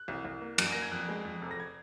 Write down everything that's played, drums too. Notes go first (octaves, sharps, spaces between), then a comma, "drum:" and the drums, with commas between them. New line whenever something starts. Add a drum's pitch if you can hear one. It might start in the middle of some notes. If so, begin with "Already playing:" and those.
Already playing: F#6
C2
C2
A#3
F#2, drum: cymbal
A#3 A#6
G#6
F2 F#6
G#3
F2
F1
A#6
G#6